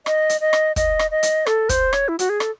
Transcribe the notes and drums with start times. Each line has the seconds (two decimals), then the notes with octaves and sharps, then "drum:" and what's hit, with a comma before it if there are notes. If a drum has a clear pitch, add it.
0.06 D#5, drum: rim click
0.29 drum: hi-hat
0.41 D#5
0.53 drum: rim click
0.76 D#5, drum: kick, hi-hat
0.99 drum: rim click
1.11 D#5
1.23 drum: hi-hat
1.46 A4, drum: rim click
1.69 C5, drum: kick, hi-hat
1.93 C#5, drum: rim click
2.08 E4
2.19 F#4, drum: hi-hat
2.29 G#4
2.40 A4, drum: rim click